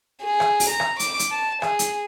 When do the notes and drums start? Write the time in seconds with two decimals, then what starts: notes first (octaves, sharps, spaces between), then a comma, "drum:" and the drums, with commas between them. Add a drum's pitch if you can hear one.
0.23 G#4
0.40 drum: rim click
0.60 drum: open hi-hat
0.69 A#5
0.80 drum: rim click
1.00 D6, drum: hi-hat
1.19 drum: hi-hat
1.31 A5
1.62 G#4, drum: rim click
1.79 drum: hi-hat